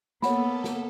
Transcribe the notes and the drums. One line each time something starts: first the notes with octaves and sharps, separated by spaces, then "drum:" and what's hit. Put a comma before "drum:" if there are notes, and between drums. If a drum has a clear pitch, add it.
A#3 B3 A4 C#5 F#5 B5, drum: snare
drum: snare